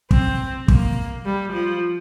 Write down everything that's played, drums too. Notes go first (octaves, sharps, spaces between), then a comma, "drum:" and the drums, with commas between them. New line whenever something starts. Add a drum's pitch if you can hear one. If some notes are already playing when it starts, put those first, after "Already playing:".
C4, drum: kick
A#3, drum: kick
G3
F3